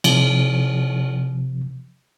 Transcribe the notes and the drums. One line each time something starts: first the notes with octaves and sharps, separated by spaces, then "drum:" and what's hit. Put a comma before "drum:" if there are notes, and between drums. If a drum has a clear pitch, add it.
C3 F3, drum: cymbal